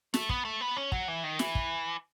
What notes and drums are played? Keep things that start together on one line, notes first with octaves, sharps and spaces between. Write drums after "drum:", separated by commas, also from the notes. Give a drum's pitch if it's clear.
A3, drum: snare
B3, drum: kick
A3
B3
C#4
F#3, drum: kick
E3
D#3
E3, drum: snare
drum: kick